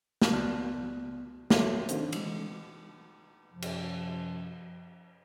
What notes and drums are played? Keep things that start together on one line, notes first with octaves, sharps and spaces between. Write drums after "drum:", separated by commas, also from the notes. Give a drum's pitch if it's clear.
drum: snare
C#2 B3 D5 A5 F6 F#6
A4 C#5 E5 A5 D6, drum: snare
D#3 C4 D4 D#4 A4 C5, drum: hi-hat
E3 G#3, drum: cymbal
F#2 C3 F3
drum: cymbal